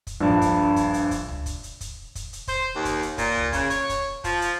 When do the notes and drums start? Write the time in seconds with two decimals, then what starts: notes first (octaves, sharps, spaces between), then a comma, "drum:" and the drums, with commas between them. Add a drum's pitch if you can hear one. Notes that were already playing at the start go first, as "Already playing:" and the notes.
0.07 drum: kick, hi-hat
0.21 A#1 G2
0.41 drum: kick, hi-hat
0.76 drum: kick, hi-hat
0.94 drum: hi-hat
1.11 drum: kick, hi-hat
1.28 drum: tom C#2
1.46 drum: kick, hi-hat
1.63 drum: hi-hat
1.81 drum: kick, hi-hat
2.15 drum: kick, hi-hat
2.33 drum: hi-hat
2.48 C5, drum: kick, hi-hat
2.75 D#2
2.85 drum: kick, hi-hat
3.02 drum: hi-hat
3.18 A#2, drum: kick, hi-hat
3.37 drum: tom C#2
3.53 C#3, drum: kick, hi-hat
3.70 C#5, drum: hi-hat
3.89 drum: kick, hi-hat
4.24 F3, drum: kick, hi-hat
4.41 drum: hi-hat